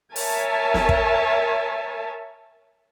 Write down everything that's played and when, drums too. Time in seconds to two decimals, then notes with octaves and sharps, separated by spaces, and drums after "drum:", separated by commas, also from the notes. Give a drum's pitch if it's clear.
0.16 A#4 C#5 E5 G#5 A5, drum: open hi-hat
0.74 drum: snare
0.89 drum: kick